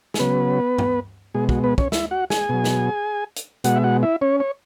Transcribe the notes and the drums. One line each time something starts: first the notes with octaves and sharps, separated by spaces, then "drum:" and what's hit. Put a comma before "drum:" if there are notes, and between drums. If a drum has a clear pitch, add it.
G#4, drum: snare
C#3 F#3 B3 B4
drum: tom G2
B2 G#3 G#4
F#4, drum: kick
B3 B4
C#4 C#5, drum: kick
E4 E5, drum: snare
F#4 F#5
G#4 G#5, drum: snare
B2 F#3
drum: snare
drum: hi-hat
B2 G#3 F#4 F#5, drum: hi-hat
E5
F#4 F#5
E4 E5
C#4 C#5
C#5